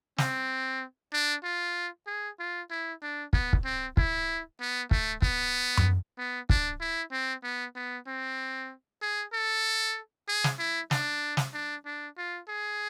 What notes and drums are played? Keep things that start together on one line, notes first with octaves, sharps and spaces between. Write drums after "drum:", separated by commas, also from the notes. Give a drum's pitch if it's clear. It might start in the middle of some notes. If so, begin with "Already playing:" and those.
C4, drum: snare
D4
F4
G#4
F4
E4
D4
B3, drum: kick
drum: kick
C4
E4, drum: kick
B3
A3, drum: kick
B3, drum: kick
drum: tom F#2
B3
D4, drum: kick
E4
C4
B3
B3
C4
G#4
A4
G#4
drum: snare
E4
D4, drum: snare
drum: snare
D4
D4
F4
G#4